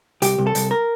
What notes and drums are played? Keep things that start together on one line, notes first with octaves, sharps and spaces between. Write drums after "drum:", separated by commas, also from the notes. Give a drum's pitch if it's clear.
C2 G4, drum: hi-hat
C2
A4
C2, drum: hi-hat
A#4